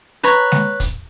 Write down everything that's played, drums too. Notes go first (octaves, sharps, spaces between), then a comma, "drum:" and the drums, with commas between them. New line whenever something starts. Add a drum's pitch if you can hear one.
B4 C#5 A#5, drum: hi-hat
drum: snare G#3
drum: kick, hi-hat